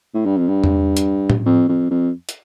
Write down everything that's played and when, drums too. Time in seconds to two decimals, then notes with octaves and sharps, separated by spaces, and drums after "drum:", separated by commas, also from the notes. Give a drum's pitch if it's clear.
0.14 A2
0.25 G2
0.37 F2
0.48 G2
0.64 drum: tom E2
0.97 drum: hi-hat
1.30 drum: tom A2
1.46 F2
1.69 F2
1.90 F2
2.29 drum: hi-hat